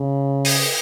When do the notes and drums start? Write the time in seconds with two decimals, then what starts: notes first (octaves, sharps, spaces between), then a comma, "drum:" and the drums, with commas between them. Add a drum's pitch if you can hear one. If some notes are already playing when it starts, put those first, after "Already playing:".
Already playing: C#3
0.45 drum: open hi-hat